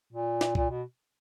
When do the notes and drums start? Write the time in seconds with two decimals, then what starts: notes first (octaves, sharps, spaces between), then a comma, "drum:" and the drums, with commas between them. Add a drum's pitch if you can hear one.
0.13 A#2
0.41 drum: snare
0.55 A#2, drum: kick
0.70 B2